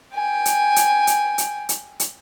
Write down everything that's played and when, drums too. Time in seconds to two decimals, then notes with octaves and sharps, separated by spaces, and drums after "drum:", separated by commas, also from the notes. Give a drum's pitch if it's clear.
0.15 G5 G#5
0.45 drum: hi-hat
0.76 drum: hi-hat
1.07 drum: hi-hat
1.38 drum: hi-hat
1.69 drum: hi-hat
2.00 drum: hi-hat